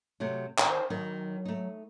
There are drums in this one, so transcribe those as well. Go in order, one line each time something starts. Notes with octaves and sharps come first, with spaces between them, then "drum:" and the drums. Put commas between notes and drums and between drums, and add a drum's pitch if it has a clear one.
C3 F#3 A3
D#3 G5, drum: clap
C5
D#3 F#3
A3 D#4